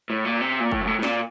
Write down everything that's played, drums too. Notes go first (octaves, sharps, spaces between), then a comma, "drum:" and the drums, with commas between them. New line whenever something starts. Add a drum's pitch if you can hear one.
A2
A#2
C3
A#2
A2, drum: kick
F#2
A2
A2
A#2, drum: snare